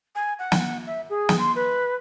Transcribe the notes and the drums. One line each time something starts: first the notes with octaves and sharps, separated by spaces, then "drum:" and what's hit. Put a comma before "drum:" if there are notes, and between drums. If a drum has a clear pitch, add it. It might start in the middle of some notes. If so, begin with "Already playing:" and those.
G#5
F#5
drum: snare
E5
G#4
drum: snare
C6
B4